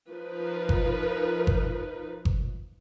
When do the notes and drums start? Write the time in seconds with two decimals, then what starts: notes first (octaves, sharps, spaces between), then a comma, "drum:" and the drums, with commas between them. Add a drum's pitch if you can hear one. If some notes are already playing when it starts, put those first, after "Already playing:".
0.10 F3 D#4 A#4 B4
0.69 drum: kick G1
1.47 drum: kick G1
2.25 drum: kick G1